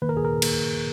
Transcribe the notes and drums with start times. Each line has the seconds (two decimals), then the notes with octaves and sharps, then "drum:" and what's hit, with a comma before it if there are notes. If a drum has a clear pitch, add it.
0.02 D#3 A#3 B4
0.09 A#4
0.17 G#4
0.25 A#4
0.42 D#3 A#3, drum: cymbal